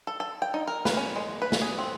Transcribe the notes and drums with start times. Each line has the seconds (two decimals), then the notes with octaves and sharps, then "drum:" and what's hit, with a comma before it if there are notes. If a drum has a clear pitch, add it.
0.07 A4
0.20 A4
0.42 G5
0.54 D#4
0.68 A#4
0.85 B4, drum: snare
0.97 C#4
1.16 G#3
1.42 B4
1.52 drum: snare
1.62 G#4
1.78 C4